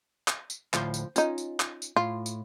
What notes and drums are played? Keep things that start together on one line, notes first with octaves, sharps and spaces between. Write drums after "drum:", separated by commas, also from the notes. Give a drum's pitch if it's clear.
drum: clap
drum: tambourine
D2 A2 F3 C6, drum: clap
drum: tambourine
C#4 D#4 F4, drum: tambourine
drum: tambourine
drum: clap
drum: tambourine
A2 F4
drum: tambourine